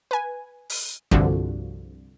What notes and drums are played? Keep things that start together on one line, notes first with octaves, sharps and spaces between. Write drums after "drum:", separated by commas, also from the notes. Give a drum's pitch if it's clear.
B4 G#5
drum: open hi-hat
C2 G2 D3 F3 F#4, drum: kick